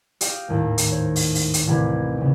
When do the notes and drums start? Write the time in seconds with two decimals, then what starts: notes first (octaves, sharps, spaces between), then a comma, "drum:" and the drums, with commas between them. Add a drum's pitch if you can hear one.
0.21 G4 D#5 F5, drum: hi-hat
0.48 G#1 D#2 A2
0.78 drum: hi-hat
0.92 C5 C#5
1.16 drum: open hi-hat
1.35 drum: open hi-hat
1.54 drum: hi-hat
1.67 A1 D#2 C3 B5 G#6
2.17 C#3 C4